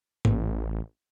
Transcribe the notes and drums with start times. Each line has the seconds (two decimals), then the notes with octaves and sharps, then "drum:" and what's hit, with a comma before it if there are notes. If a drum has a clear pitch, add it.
0.25 A1, drum: tom G#2